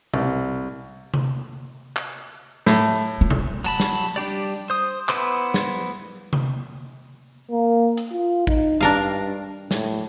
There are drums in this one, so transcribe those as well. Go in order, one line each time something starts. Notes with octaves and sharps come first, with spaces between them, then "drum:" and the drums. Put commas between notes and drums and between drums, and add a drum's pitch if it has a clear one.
C2, drum: tom B2
drum: tom C3
drum: clap
A2, drum: snare
F4
drum: tom B2
F#3 A5 B5, drum: open hi-hat
drum: snare
G3 D4 G4 D5
C5 D#6
B3 E4 B4 C5 D6, drum: clap
drum: snare
drum: tom C3
A#3
drum: hi-hat
F4
D#4, drum: kick
G2 D4 A#4 F5
A2, drum: snare